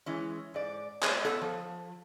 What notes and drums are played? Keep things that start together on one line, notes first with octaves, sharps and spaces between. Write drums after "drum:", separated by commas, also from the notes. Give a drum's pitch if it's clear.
E3 G#3 C#4
G#2 D5
C5 C#5, drum: clap
B3 A4, drum: hi-hat
F3